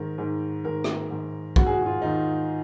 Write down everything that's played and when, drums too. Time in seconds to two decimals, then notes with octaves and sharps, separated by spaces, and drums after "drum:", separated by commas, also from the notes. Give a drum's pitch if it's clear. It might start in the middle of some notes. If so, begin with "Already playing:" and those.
Already playing: G#2 D#3 A#4
0.18 G#2 D#3
0.65 G#2 D#3 A#4
0.84 drum: rim click
1.11 G#2 D#3
1.56 G#2 D#3 F#4, drum: kick A#1
1.66 G#4
1.71 F#4
1.82 F#4
1.86 F4
2.01 G#2 D#3 D#4